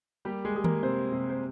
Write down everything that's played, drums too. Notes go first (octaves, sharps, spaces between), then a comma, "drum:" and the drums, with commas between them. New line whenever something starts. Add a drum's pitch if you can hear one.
G3 A#3 G4
G#3 G#4
G3 G#4
A#3 A#4, drum: tom D#3
C3 C4 C5
C3
C5